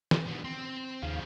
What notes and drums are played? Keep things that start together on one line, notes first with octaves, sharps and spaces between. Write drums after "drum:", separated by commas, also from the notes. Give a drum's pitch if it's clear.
drum: snare
B2 D3
C4 C6
D#2 C#3 F3 F5